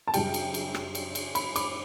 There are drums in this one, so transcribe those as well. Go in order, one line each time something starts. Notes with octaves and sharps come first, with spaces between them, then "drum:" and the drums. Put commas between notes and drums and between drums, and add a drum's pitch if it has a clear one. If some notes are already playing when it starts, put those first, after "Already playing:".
A5
F#2 C#3 G3 G5, drum: cymbal
drum: cymbal
drum: cymbal
drum: rim click
drum: cymbal
drum: cymbal
B5, drum: cymbal
D6, drum: cymbal